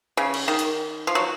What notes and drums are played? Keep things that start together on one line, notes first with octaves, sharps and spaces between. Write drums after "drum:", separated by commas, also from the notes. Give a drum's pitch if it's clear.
C#3
drum: cymbal
D#3
drum: hi-hat
F3
F#3